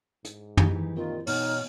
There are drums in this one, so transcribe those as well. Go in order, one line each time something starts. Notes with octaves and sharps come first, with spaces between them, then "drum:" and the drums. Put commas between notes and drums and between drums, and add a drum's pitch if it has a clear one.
G#2, drum: hi-hat
E3 D#4 G4, drum: tom
A#2 D#3 C4 F4
B2 D#4 C#5 F6, drum: open hi-hat